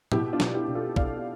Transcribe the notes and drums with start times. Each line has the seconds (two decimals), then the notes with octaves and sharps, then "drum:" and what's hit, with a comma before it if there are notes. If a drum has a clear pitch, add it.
0.12 B2 E4 G4, drum: tom A2
0.33 D4 F4
0.40 B2, drum: snare
0.54 E4 G4
0.68 B2
0.75 F4 A4
0.96 B2 D5 F5, drum: kick B1